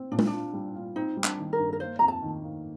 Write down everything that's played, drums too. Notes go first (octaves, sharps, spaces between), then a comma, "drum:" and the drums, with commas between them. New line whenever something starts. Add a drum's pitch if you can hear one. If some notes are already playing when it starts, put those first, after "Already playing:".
Already playing: C4
A#2 D4
D#4, drum: tom G#3
D4
F4
G3
F4
C4 D#4
G3
D4, drum: clap
D#3
A#4
G2
A#4
A#3 C5
F2 A#5
A5
D#3
A#3